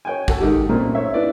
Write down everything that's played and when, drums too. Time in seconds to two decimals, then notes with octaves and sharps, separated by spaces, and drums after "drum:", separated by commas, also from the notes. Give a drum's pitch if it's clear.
0.05 C#5 G5 G#5
0.28 F#4 A4, drum: kick G#1
0.40 G#2 D#3 G4
0.69 F#2 A#2 A3 A#3 C4 C#4
0.95 C5 C#5 E5
1.14 D4 E4 B4 D5